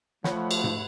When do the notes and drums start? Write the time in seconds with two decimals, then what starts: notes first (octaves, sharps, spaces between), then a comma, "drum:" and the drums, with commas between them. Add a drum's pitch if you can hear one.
0.24 F3 A3 C#5 F#5 B5, drum: snare
0.51 drum: cymbal
0.64 drum: tom G#2